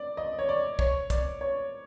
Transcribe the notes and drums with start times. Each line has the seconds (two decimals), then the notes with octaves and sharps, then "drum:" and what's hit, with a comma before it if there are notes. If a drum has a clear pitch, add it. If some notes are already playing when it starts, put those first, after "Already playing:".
Already playing: D5
0.17 D#5
0.39 C#5
0.49 D5
0.79 C#5, drum: kick
1.10 D5, drum: kick, hi-hat
1.41 C#5